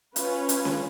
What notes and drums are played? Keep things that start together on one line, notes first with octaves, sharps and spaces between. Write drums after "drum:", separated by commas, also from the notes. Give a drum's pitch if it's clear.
C#4 F4 B4, drum: hi-hat
drum: hi-hat
drum: snare C#4